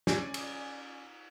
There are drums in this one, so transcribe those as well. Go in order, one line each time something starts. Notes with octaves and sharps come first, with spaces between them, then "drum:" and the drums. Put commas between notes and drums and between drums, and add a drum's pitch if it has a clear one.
C#4 D5 G#5, drum: snare
drum: cymbal